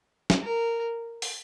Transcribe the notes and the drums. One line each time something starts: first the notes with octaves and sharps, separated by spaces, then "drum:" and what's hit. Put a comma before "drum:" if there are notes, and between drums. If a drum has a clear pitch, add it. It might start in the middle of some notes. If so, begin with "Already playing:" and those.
drum: snare
A#4
drum: open hi-hat